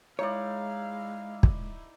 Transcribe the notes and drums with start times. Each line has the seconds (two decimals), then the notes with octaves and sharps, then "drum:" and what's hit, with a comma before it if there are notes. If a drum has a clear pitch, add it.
0.19 G#3 D#4 E4 C#5 D5 F5
1.43 drum: kick